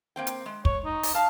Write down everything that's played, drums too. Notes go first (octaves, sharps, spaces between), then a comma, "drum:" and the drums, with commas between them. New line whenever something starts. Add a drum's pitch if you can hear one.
A#3 C4 G5
drum: hi-hat
G#3
C#5, drum: kick
D#4
drum: open hi-hat
F5 A5